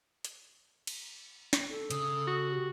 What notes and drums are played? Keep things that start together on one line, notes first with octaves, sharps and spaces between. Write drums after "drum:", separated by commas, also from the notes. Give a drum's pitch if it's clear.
drum: hi-hat
drum: cymbal
drum: snare
A4
C#3 D#6, drum: hi-hat
F#4
G4